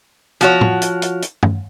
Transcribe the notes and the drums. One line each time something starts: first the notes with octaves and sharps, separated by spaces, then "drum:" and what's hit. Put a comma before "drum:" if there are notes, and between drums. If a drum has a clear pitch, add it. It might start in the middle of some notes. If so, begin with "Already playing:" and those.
F3 F#4 C#5, drum: hi-hat
drum: tom
drum: hi-hat
drum: hi-hat
drum: hi-hat
drum: tom G2